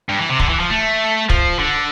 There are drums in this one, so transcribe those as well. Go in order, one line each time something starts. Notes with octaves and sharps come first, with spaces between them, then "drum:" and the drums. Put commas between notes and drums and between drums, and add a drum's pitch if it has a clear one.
G2
E3
C3
D3, drum: kick
E3
F3
A3
F3, drum: kick
D3